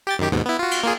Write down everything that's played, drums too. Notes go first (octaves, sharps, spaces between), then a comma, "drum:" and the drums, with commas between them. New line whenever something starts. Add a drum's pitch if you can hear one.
G4 G5 A6
F#2 D#3 G4
D#2 G#2 B2
B3 E4
F4 F#4
drum: cymbal
A#3 F4 G#4